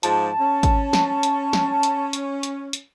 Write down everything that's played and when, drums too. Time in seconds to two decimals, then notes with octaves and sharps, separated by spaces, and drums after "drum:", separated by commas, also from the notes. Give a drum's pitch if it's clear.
0.03 G#2 F3 A5, drum: hi-hat
0.39 C#4
0.63 drum: kick G#1, hi-hat
0.93 drum: snare
1.23 drum: hi-hat
1.53 drum: snare
1.83 drum: hi-hat
2.13 drum: hi-hat
2.43 drum: hi-hat
2.73 drum: hi-hat